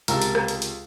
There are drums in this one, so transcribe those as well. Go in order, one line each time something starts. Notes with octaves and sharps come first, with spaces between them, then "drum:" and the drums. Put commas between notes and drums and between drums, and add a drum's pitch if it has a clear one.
C#2 C3 A4 A#4, drum: hi-hat
drum: hi-hat
drum: rim click
drum: hi-hat
drum: hi-hat